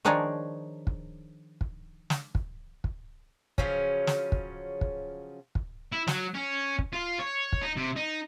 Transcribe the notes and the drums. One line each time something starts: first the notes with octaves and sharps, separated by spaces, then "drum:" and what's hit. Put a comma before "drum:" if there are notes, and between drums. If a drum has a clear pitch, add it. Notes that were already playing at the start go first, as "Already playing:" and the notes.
D#3 F3 D4 D#4 G#4 C#5
drum: kick
drum: kick
drum: snare
drum: kick
drum: kick
C#3 F3 F#3 C#4, drum: kick
drum: snare
drum: kick
drum: kick
drum: kick
E4
F#3, drum: snare
C#4
drum: kick
F4
C#5
drum: kick
D#4
C3
D#4